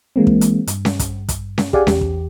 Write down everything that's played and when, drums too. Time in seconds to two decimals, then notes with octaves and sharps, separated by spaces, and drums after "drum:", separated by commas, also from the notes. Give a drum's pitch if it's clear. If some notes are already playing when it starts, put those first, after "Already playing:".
0.16 E3 G#3 A#3 C4
0.27 drum: kick
0.41 drum: hi-hat
0.67 G2, drum: hi-hat
0.85 drum: snare C#4
0.99 drum: kick, hi-hat
1.29 drum: kick, hi-hat
1.58 drum: snare C#4
1.73 G4 G#4 D5 F5 F#5 G#5, drum: kick
1.87 E2 G4, drum: snare C#4
2.01 drum: kick